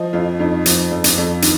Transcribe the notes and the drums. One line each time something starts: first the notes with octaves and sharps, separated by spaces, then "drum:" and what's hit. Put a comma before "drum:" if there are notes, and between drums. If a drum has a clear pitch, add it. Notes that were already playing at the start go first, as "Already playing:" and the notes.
Already playing: F3 D#5
F2 F4
F2 D#4
F3, drum: hi-hat
F2
drum: hi-hat
F2
D#3, drum: hi-hat